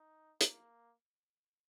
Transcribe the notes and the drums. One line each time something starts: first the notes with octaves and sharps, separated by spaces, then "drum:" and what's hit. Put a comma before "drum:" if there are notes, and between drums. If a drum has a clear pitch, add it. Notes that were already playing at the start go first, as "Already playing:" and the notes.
Already playing: D#4
A#3, drum: hi-hat